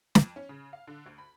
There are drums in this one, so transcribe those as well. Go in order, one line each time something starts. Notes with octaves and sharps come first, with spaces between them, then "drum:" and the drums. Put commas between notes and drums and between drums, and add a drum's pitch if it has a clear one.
F2, drum: snare
C#4
C#3
F5
D3
D2
B5